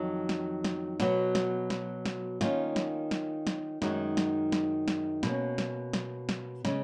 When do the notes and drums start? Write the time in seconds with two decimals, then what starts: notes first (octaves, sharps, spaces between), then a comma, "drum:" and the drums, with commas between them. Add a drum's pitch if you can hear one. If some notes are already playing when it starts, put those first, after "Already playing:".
Already playing: F2 D#3 F#3
0.29 drum: snare
0.64 drum: snare
1.00 B2 F#3 B3 F#4, drum: snare
1.35 drum: snare
1.70 drum: snare
2.06 drum: snare
2.41 D#3 A#3 C#4 F4, drum: snare
2.76 drum: snare
3.11 drum: snare
3.47 drum: snare
3.82 F#2 D#3 G#3 D#4 F#4, drum: snare
4.17 drum: snare
4.52 drum: snare
4.88 drum: snare
5.23 B2 A#3 C#4, drum: snare
5.58 drum: snare
5.93 drum: snare
6.29 drum: snare
6.65 C#3 G#3 C#4, drum: snare